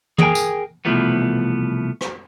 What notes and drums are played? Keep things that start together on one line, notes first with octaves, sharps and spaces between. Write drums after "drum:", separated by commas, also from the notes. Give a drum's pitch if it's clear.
G#4 A#4 C5 G5 G#5, drum: tom
drum: tambourine
C2 B2 E3 F3 A3 B3
drum: rim click